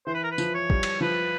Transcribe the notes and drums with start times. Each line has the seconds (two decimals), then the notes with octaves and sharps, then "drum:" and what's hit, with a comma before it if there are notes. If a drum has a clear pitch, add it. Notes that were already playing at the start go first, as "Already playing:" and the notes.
0.06 E3 C5
0.14 B4
0.23 A#4
0.31 B4
0.38 F3, drum: tambourine
0.54 C#5
0.70 G3, drum: kick
0.83 drum: cymbal
1.01 F3 B4